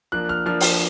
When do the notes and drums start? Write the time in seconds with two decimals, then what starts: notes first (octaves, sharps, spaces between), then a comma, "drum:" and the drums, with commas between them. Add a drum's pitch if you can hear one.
0.12 F3 A#3 D4 F#6
0.29 F6
0.46 F3 A#3 D4 F6
0.61 drum: open hi-hat